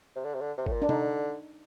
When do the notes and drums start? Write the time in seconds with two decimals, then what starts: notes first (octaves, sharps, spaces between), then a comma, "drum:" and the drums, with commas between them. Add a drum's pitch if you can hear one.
0.16 C3
0.25 D3
0.34 C3
0.41 D3
0.57 C3
0.66 A2, drum: kick
0.72 A#2
0.82 D4
0.89 D3 D#4, drum: tom C3